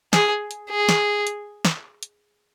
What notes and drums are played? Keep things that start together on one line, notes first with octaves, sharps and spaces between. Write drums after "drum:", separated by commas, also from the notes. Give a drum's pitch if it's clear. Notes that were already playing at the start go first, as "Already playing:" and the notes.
G#4, drum: snare
drum: hi-hat
G#4
drum: snare
drum: hi-hat
drum: snare
drum: hi-hat